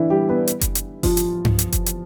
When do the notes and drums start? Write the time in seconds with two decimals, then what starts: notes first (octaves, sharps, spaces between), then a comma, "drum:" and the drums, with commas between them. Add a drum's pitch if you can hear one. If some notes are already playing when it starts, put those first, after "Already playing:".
Already playing: D3 E3 D4 E4
0.10 G3 G4
0.29 B3 B4
0.48 drum: hi-hat
0.61 drum: kick F#1, hi-hat
0.75 drum: hi-hat
1.03 F3 F4, drum: kick F#1, open hi-hat
1.17 drum: hi-hat
1.45 drum: tom G2
1.59 drum: hi-hat
1.72 drum: kick F#1, hi-hat
1.86 drum: hi-hat